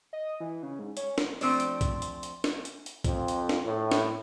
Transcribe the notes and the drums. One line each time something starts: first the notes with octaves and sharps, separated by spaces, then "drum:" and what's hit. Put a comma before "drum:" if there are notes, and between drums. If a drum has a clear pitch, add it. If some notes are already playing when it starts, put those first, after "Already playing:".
D#5
E3
C#3
G#2
C#4, drum: hi-hat
drum: snare
F3 A3 C4 D4 C5 D5, drum: open hi-hat
drum: hi-hat
drum: kick, hi-hat
drum: hi-hat
drum: hi-hat
drum: snare
drum: hi-hat
drum: hi-hat
F2, drum: kick, hi-hat
drum: hi-hat
drum: snare
A2
drum: snare